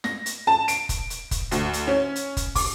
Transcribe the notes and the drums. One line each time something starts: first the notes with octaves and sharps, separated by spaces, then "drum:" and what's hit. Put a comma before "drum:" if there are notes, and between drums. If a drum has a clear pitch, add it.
A#6, drum: snare
drum: hi-hat
A5
D7, drum: hi-hat
drum: kick, hi-hat
drum: hi-hat
drum: kick, hi-hat
D2, drum: hi-hat
drum: hi-hat
C#4
drum: hi-hat
drum: kick, hi-hat
D6, drum: kick, open hi-hat